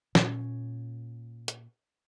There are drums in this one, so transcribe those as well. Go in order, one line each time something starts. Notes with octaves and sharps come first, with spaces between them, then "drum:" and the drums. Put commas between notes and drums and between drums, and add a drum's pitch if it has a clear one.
A#2 C#4, drum: snare
drum: hi-hat